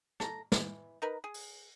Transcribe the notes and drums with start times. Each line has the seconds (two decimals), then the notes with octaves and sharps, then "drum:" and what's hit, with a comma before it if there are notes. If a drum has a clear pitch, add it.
0.20 A4 A#5, drum: rim click
0.52 E3, drum: snare
1.02 D#4 A#4 B4
1.24 G#4
1.34 drum: open hi-hat